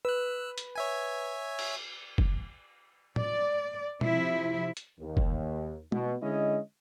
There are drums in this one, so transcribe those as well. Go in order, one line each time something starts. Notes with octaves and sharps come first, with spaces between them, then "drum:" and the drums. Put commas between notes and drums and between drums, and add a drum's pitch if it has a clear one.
B4 E6 F#6
drum: hi-hat
C#5 E5 G#5
drum: cymbal
drum: kick F#1
D5, drum: tom A2
C3 F3 E4, drum: tom B2
drum: hi-hat
D#2
drum: kick F#1
B2, drum: tom
D3 G#3 C#4 E4 D#5